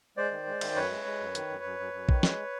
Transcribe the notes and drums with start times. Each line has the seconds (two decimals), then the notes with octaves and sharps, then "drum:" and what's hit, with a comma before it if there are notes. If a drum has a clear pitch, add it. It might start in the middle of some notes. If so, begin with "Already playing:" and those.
0.17 G#3 C5 D5
0.31 D#3
0.47 G#3
0.61 D#3, drum: cymbal
0.75 F#2 B4 C#5
0.90 G#3
1.05 G#3
1.20 F#2
1.35 D#3, drum: hi-hat
1.50 F#2
1.64 F#2
1.79 F#2
1.93 F#2
2.09 D#3, drum: kick
2.23 G#3, drum: snare